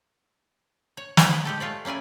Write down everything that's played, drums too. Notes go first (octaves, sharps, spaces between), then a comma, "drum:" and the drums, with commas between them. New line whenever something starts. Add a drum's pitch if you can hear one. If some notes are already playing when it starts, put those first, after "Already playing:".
C#5
F3, drum: snare
G#3 B4 D#5
G#3 G4 A4
A3 F4 C#5 D5
A#3 C#4 E4 D5 G#5